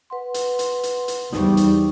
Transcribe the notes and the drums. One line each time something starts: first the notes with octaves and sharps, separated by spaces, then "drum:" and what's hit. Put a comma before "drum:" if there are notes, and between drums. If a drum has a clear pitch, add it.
B4 F#5 C6
drum: hi-hat
drum: hi-hat
drum: hi-hat
drum: hi-hat
E2 G3 D#4 C5 C#6, drum: snare
drum: hi-hat